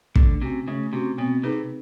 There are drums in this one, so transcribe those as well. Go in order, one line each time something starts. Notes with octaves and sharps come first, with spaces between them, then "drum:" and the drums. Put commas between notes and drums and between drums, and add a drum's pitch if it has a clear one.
D3 A3, drum: kick
C3 C#4 F#4
C#3 A3
C3 C#4 F#4
B2 C4
C3 D#4 G#4 B4